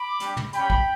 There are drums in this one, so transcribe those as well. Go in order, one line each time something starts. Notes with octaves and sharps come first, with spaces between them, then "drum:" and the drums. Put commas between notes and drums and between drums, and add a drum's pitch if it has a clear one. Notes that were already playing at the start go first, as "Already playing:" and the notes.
Already playing: B5 D6
G3 D4 G4, drum: hi-hat
drum: tom
G3 C#4 G4 G5 B5, drum: hi-hat
drum: kick